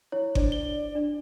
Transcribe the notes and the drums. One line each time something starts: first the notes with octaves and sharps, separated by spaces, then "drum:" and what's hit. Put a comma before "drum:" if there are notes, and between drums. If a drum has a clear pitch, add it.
E4 C#5
D4 C5 D5, drum: kick G1
G7
D4